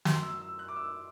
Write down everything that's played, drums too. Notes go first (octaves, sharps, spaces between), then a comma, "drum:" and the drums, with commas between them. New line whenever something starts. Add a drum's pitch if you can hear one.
F#2 F#3 C6, drum: snare
E6
E6
F#6
D6
E6